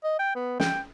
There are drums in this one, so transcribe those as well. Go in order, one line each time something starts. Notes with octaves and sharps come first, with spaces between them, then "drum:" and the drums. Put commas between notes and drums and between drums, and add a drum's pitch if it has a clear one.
D#5
G5
B3
G5, drum: snare